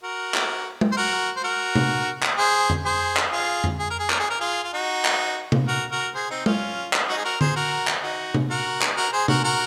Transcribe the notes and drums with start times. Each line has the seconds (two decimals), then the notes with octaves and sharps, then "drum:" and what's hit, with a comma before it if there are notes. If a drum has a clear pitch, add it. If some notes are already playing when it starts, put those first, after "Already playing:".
0.03 F#4 A#4
0.34 drum: clap
0.81 drum: tom G#3
0.92 C5
0.97 F#4 A#4
1.36 C5
1.44 F#4 A#4
1.75 drum: tom C3
2.23 drum: clap
2.38 G#4 C5
2.70 drum: tom F2
2.85 G#4 C5
3.17 drum: clap
3.32 F4 G#4
3.64 drum: tom F2
3.79 G#4
3.90 A#4
3.99 G#4
4.10 A#4, drum: clap
4.20 G#4
4.30 A#4
4.40 F4 G#4
4.64 F4
4.73 D#4 F#4
5.05 drum: clap
5.52 drum: tom C3
5.68 F#4 A#4
5.92 F#4 A#4
6.15 G#4 C5
6.30 C4 D#4
6.46 C#4 F4, drum: tom G#3
6.93 drum: clap
7.09 D#4 F#4
7.17 G#4
7.25 F#4 A#4
7.41 G#4 C5, drum: tom D3
7.56 F#4 A#4
7.87 drum: clap
8.03 D#4 F#4
8.34 drum: tom C3
8.50 F#4 A#4
8.82 drum: clap
8.97 F#4 A#4
9.13 G#4 C5
9.28 F#4 A#4, drum: tom C3
9.44 F#4 A#4